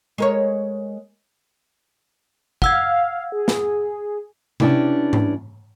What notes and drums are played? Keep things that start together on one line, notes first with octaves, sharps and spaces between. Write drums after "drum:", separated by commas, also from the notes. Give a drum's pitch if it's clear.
G#3 A#4 C#5
F5 F#5 E6 G#6, drum: kick
G#4
drum: snare
C#4 D4 E4 G4 B4, drum: tom C3
drum: tom G#2